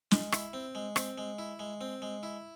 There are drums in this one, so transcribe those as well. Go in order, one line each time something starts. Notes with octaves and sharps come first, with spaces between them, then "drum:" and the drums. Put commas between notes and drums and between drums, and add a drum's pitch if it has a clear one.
G#3, drum: snare
E4, drum: rim click
C4
G#3
C4, drum: rim click
G#3
E4
G#3
C4
G#3
E4